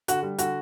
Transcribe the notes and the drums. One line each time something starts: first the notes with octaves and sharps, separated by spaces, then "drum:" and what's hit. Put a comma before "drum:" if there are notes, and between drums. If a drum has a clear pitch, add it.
D3 F#4, drum: hi-hat
G3
D3 F#4, drum: hi-hat